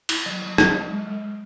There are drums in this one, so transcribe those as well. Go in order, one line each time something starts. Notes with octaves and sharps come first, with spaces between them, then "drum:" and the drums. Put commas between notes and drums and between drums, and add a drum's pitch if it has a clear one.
E4, drum: cymbal
F#3
F#3
F#3, drum: rim click
F#3
G#3
G#3
G#3